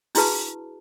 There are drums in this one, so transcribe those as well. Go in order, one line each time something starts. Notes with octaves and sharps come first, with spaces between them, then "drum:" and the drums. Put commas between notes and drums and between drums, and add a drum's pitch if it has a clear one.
D4 E4 F#4 G#4 B4 A5, drum: open hi-hat